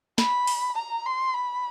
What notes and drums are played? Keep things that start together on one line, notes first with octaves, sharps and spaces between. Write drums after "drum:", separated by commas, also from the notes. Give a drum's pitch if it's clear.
B5, drum: snare
drum: open hi-hat
A#5
C6
B5